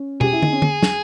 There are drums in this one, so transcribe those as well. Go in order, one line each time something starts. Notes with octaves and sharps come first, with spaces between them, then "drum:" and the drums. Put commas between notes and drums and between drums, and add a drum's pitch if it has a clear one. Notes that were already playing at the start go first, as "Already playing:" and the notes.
Already playing: C#4
G4 G#4, drum: tom
E4
D#4, drum: tom
C#4
drum: tom
drum: snare